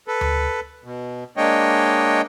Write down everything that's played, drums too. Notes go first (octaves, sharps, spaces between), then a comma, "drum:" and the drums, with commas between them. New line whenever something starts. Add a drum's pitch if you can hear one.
A4 B4
drum: tom D2
B2
G#3 A#3 D4 C#5 D#5 G5